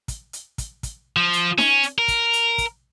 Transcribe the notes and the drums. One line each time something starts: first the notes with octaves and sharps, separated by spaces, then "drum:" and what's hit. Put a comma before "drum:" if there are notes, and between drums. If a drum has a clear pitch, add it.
drum: kick, hi-hat
drum: hi-hat
drum: kick, hi-hat
drum: kick, hi-hat
F3
drum: hi-hat
C#4, drum: snare D#4
drum: hi-hat
A#4
drum: kick, hi-hat
drum: hi-hat
drum: kick, hi-hat